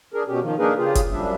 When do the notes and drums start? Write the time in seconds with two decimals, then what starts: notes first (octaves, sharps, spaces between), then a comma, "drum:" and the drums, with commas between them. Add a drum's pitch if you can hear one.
0.14 D4 G#4 A#4
0.28 B2 C#4 G4
0.41 D#3 F3
0.58 A#3 D4 D#4 G#4 A#4 B4
0.77 C#3 F4 G4 G#4
0.95 drum: kick F#1, hi-hat
1.12 F#2 F3 G3 D4 E5